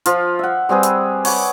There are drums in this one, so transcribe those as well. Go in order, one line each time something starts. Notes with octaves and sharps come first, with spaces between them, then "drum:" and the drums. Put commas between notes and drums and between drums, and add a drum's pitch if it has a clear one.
F3 F4, drum: hi-hat
E5 F#5
G3 C4 G#4 B4
drum: hi-hat
C#5 F#5 B5 D6, drum: open hi-hat